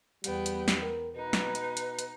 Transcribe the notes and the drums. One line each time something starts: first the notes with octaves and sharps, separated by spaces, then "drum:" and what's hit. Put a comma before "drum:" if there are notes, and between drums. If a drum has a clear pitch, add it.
E2 G3 B3 G5, drum: hi-hat
drum: hi-hat
drum: snare
A#4
B2 D#4 B4
drum: snare
drum: hi-hat
drum: hi-hat
drum: hi-hat